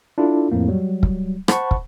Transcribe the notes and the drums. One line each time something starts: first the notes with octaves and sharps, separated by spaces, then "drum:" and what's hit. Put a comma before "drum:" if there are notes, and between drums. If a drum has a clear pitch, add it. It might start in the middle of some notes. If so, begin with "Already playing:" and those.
D4 E4 F4 A4
F2 A2 A#3
F#3 G3
drum: kick
C5 F#5 A5 B5 C#6, drum: rim click
drum: kick